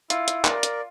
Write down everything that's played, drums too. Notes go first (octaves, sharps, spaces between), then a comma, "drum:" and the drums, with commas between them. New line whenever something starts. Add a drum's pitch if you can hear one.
E4 F4, drum: hi-hat
drum: hi-hat
A#4 D5, drum: clap
drum: hi-hat